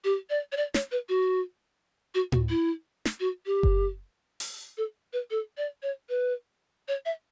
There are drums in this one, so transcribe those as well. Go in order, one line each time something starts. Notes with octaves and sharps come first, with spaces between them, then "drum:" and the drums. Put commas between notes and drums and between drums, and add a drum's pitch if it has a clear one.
G4
D5
C#5
D5
C#5, drum: snare
B4
F#4
F#4
F#4, drum: tom A2
E4
drum: snare
F#4
G4
drum: kick F#1
drum: open hi-hat
A4
B4
A4
D5
C#5
B4
C#5
E5